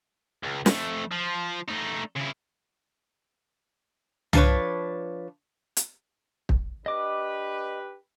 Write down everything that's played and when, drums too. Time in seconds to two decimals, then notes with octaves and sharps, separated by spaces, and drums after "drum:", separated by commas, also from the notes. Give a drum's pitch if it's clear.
0.43 C#2
0.66 F2 A3, drum: snare
1.12 F3
1.68 A3 D#4
2.16 C#3 E4
4.33 F3 D4 A4 B4 C#5, drum: tom
5.77 drum: hi-hat
6.49 drum: kick
6.86 D4 G4 B4 D#5 D6